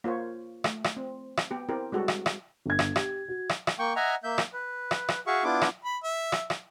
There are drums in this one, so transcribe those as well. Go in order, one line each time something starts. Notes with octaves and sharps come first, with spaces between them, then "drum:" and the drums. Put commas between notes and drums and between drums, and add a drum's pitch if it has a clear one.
A#3 F4 C5 C#5
A3, drum: rim click
drum: rim click
C4
drum: rim click
B3 G4
C4 E4 G4 A#4
G3 G#3 F#4 A4
drum: rim click
drum: rim click
G1 G#6
drum: rim click
G4, drum: rim click
F#4
drum: rim click
drum: rim click
A#3 G5 C#6
D#5 E5 F#5 G#5 A#5
A#3 E5 G6
drum: rim click
B4
drum: rim click
drum: rim click
F#4 G#4 E5 F5 C#6
B3 D4 E4 F4 D6
drum: rim click
B5
E5
drum: rim click
drum: rim click